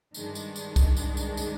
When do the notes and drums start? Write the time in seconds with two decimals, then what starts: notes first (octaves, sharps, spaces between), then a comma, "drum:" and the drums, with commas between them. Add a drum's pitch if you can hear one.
0.14 G2 D#3 G#3 D4, drum: tambourine
0.35 drum: tambourine
0.56 drum: tambourine
0.76 drum: kick C2, tambourine
0.97 drum: tambourine
1.17 drum: tambourine
1.37 drum: tambourine